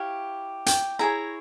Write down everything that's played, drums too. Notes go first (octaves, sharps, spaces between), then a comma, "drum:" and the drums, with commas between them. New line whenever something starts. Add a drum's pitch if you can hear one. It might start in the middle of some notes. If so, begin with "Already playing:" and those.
Already playing: E4 G4 C#5 F5
G5, drum: hi-hat
E4 G#4 C#5 A#5